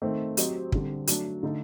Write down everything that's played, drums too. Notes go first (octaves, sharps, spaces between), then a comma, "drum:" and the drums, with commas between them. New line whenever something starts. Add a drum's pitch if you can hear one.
D#3 A3 C4
F#3 C4 G4 C5 D#5, drum: hi-hat
D3 G3 C4, drum: kick
F#3 A3 D4, drum: hi-hat
D3 A3 D#4 A4